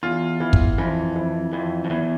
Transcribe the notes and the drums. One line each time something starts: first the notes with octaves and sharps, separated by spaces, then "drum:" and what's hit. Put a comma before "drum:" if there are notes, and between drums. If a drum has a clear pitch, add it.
E2 F4
E3
drum: kick
F2 E3
E3
F2 E3
F2
E2 E3